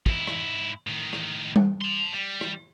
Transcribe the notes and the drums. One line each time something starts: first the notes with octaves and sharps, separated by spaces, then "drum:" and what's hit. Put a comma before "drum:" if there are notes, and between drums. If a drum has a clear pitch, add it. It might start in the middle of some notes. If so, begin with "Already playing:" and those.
G#2 E4, drum: kick
drum: rim click
A2 D#3
drum: rim click
drum: tom G3
A5 C6
G3
drum: rim click